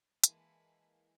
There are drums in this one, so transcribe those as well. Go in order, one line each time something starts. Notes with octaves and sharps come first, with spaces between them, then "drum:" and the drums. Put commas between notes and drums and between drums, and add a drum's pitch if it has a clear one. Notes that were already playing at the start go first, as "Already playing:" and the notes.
E3 G#3 A#3 E4 A5 B5, drum: hi-hat